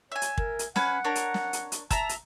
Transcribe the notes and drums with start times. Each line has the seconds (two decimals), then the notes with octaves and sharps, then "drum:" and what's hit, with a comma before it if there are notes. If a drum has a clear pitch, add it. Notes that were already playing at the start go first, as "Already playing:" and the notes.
0.12 C#5 E5 G#5
0.22 drum: hi-hat
0.38 A#4, drum: kick
0.59 drum: hi-hat
0.76 C#4 B4 F#5 G#5, drum: snare
1.04 D4 A#4 C#5
1.15 drum: hi-hat
1.34 drum: snare
1.53 drum: hi-hat
1.72 drum: hi-hat
1.91 E5 A5 A#5 E6, drum: kick, hi-hat
2.09 drum: hi-hat